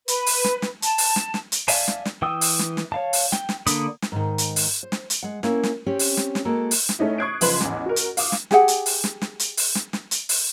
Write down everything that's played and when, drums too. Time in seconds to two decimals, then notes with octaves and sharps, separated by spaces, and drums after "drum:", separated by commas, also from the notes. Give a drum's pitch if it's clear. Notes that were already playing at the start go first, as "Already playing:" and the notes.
0.08 B4, drum: hi-hat
0.26 drum: open hi-hat
0.44 drum: snare
0.62 drum: snare
0.82 A5, drum: hi-hat
0.98 drum: open hi-hat
1.16 drum: snare
1.34 drum: snare
1.52 drum: hi-hat
1.68 D5 E5 F5 G#5 A5, drum: open hi-hat
1.88 drum: snare
2.05 drum: snare
2.22 E3 G5 D#6 E6
2.41 drum: open hi-hat
2.59 drum: snare
2.77 drum: snare
2.92 C#5 F5 A5
3.13 drum: open hi-hat
3.32 G5, drum: snare
3.49 drum: snare
3.67 D3 A#3 D4 B5 D#6, drum: hi-hat
4.02 drum: snare
4.12 G#2 D#3
4.38 drum: hi-hat
4.56 drum: open hi-hat
4.83 C5
4.92 drum: snare
5.10 drum: hi-hat
5.23 G#3 F#5
5.43 A#3 C#4 E4, drum: snare
5.64 drum: snare
5.86 C4 C#4 G4
5.99 drum: open hi-hat
6.17 drum: snare
6.35 drum: snare
6.45 G#3 A#3 F#4 A4
6.71 drum: open hi-hat
6.89 drum: snare
6.99 A3 C#4 D#4 E4
7.18 C#6 D#6 F#6 G#6 C7 D7
7.41 F#1 F3 B4 C6 F#7, drum: open hi-hat
7.60 A1 E2, drum: snare
7.86 F#4 A#4
7.96 drum: hi-hat
8.17 F5 D6 D#6, drum: open hi-hat
8.32 drum: snare
8.51 G4 G#4 F#5, drum: snare
8.68 drum: hi-hat
8.86 drum: open hi-hat
9.04 drum: snare
9.22 drum: snare
9.39 drum: hi-hat
9.57 drum: open hi-hat
9.75 drum: snare
9.93 drum: snare
10.11 drum: hi-hat
10.29 drum: open hi-hat